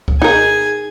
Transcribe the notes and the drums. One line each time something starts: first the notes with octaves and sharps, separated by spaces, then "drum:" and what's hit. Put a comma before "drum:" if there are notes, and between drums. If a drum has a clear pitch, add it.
drum: kick C#2
D#4 G#4 A#4 G#5